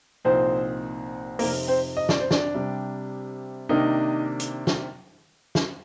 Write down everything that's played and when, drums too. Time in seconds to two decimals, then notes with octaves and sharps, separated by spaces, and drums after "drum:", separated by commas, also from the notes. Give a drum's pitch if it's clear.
0.25 C2 A#2 F3 C4 D#4 C5
1.39 F2 C3 F3 A#3 C4 D#4 A#4, drum: open hi-hat
1.68 C4 C5
1.97 D#5
2.09 D5, drum: snare
2.20 C5
2.31 D4 D5, drum: snare
2.55 C3 G3 D4
3.69 C3 D#3 A#3 D4 D#4 D#5
4.40 drum: hi-hat
4.67 drum: snare
5.55 drum: snare